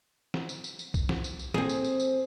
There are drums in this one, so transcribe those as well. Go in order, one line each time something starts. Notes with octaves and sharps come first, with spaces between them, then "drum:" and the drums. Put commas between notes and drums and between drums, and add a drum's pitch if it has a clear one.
drum: snare
drum: tambourine
drum: tambourine
drum: tambourine
drum: kick B1, tambourine
drum: snare
drum: tambourine
drum: tambourine
C4 G#4, drum: snare
drum: tambourine
drum: tambourine
drum: tambourine